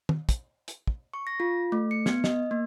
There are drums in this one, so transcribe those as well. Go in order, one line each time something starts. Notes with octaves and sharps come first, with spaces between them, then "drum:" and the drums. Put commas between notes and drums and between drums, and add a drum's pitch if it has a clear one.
drum: tom
drum: kick, hi-hat
drum: hi-hat
drum: kick
C#6
A#6
F4
A3
C#7
B3, drum: snare
D#5, drum: snare
A#3